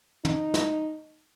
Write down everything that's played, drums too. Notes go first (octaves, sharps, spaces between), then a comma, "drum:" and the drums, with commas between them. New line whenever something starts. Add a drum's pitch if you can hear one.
D#4, drum: tom
drum: snare